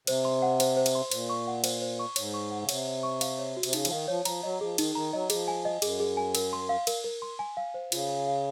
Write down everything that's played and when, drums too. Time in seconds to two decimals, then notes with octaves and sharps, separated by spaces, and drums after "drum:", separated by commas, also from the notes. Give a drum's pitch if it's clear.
0.07 C3 C5, drum: cymbal
0.25 C6
0.42 F#5
0.60 C5, drum: cymbal
0.77 C5
0.86 drum: cymbal
0.95 C6
1.11 A#2 C5, drum: cymbal
1.29 C#6
1.47 F#5
1.64 C5, drum: cymbal
1.81 C5
1.99 C#6
2.16 G#2 C#5, drum: cymbal
2.34 C#6
2.51 F#5
2.62 C#3
2.69 C3 C#5, drum: cymbal
2.86 C#5
3.03 C#6
3.21 F5, drum: cymbal
3.39 C#5
3.57 F#4
3.63 C3, drum: cymbal
3.73 C#3 D#4, drum: cymbal
3.85 F3, drum: cymbal
3.91 D#3 F5
4.08 F3 C#5
4.25 F3 A#5, drum: cymbal
4.43 F#3 D#5
4.61 F3 G#4
4.78 D#3 D#4, drum: cymbal
4.95 D#3 A#5
5.13 F#3 D#5
5.30 F3 G#4, drum: cymbal
5.48 G#5
5.65 D#5
5.82 F#2 G#4, drum: cymbal
6.00 G#4
6.17 G#5
6.35 A#4, drum: cymbal
6.53 C6
6.69 F5
6.87 A#4, drum: cymbal
7.04 A#4
7.22 C6
7.39 G#5
7.57 F5
7.74 C5
7.92 C#3 F4, drum: cymbal
8.09 G#5
8.27 F5